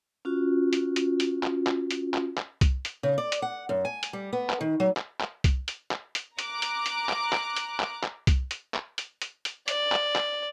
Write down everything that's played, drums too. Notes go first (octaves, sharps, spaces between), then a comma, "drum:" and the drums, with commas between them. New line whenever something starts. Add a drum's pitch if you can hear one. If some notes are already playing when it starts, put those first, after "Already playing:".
C#4 F4 F#4
drum: hi-hat
drum: hi-hat
drum: hi-hat
drum: clap
drum: clap
drum: hi-hat
drum: clap
drum: clap
drum: kick C2, hi-hat
drum: hi-hat
C#3
D5
drum: hi-hat
F#5
F#2
G#5
drum: hi-hat
G3
B3
drum: clap
D#3
F#3
drum: clap
drum: clap
drum: kick C2, hi-hat
drum: hi-hat
drum: clap
drum: hi-hat
A#5 D6 F#6, drum: hi-hat
drum: hi-hat
drum: hi-hat
drum: clap
drum: clap
drum: hi-hat
drum: clap
drum: clap
drum: kick C2, hi-hat
drum: hi-hat
drum: clap
drum: hi-hat
drum: hi-hat
drum: hi-hat
D5, drum: hi-hat
drum: clap
drum: clap